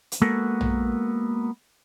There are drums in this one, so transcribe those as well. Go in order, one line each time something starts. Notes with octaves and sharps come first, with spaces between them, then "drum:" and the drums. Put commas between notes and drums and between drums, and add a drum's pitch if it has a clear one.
drum: hi-hat
G#3 A#3 B3 F#4 A4 A#4
drum: tom A#1